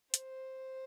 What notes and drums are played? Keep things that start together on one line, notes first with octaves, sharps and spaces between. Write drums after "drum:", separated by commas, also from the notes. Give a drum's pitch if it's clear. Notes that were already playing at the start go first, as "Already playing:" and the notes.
C5, drum: hi-hat